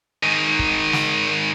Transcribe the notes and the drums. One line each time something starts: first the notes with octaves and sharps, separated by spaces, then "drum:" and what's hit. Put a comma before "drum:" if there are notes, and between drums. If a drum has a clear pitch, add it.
G#2 D#3
drum: kick
drum: snare